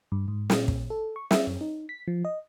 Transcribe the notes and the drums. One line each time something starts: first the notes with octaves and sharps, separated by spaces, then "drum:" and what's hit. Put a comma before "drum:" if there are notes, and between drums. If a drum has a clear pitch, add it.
G2
G#2
A#2, drum: snare
drum: kick
A4
C#6
E5, drum: snare
F#2
D#4
B6
F3
D#5